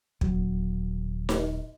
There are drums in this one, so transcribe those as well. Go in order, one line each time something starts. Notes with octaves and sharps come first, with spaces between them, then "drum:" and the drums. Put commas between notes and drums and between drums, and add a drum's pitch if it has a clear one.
D#1 F#3, drum: kick
drum: snare D#4